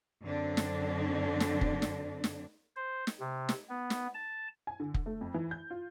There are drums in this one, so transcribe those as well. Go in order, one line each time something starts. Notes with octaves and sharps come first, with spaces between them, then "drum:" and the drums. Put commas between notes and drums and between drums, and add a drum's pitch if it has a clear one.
F#2 D3 C4 D4
drum: snare
drum: snare
drum: kick
drum: snare
drum: snare
C5
drum: snare
C3
drum: snare
B3
drum: snare
A5
G#5
D3
drum: kick
A3
F2
E3
G6
F4